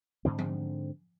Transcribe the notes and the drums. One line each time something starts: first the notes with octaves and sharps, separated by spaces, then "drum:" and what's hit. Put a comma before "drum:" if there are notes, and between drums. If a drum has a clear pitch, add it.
G#2 D3 C4
drum: tom F3